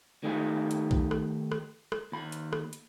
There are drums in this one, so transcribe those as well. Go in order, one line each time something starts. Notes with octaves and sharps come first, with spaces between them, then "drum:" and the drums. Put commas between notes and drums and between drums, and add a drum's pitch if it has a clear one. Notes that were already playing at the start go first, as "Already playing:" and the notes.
D#3 A3 D#4 G4 B4
drum: hi-hat
drum: kick A#1
drum: rim click
drum: rim click
drum: rim click
D#2 B5
drum: hi-hat
drum: rim click
drum: hi-hat